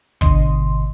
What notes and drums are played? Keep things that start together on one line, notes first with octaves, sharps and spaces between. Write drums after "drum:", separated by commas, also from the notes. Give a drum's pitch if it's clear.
G#1 B2 D3 D#5 C6, drum: kick